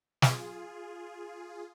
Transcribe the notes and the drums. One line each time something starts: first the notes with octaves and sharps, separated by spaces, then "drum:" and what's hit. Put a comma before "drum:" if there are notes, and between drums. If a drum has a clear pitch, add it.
F4 G#4, drum: snare